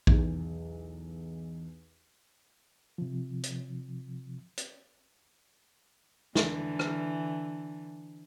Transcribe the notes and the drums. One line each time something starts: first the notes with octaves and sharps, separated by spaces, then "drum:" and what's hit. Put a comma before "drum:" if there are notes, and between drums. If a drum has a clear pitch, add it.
B1 E2, drum: kick A#1
C3 F3
drum: hi-hat
drum: hi-hat
D3 E3, drum: snare
drum: rim click